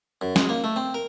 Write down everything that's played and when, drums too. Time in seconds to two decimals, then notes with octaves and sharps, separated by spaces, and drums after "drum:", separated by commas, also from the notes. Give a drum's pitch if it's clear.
0.21 F#2
0.36 G#3, drum: snare
0.49 A#3
0.64 A3
0.76 C4
0.94 A#4